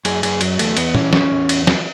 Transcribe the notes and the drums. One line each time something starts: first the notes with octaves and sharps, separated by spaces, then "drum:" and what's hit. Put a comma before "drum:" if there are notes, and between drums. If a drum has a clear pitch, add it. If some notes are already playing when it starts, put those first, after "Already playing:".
F#2 G#4, drum: cymbal
F#2 G#4, drum: cymbal
F#3, drum: cymbal
E2 A3, drum: cymbal
E2 B3, drum: cymbal
E3 C#4, drum: tom
E2 C#4, drum: snare
E2
drum: cymbal
drum: snare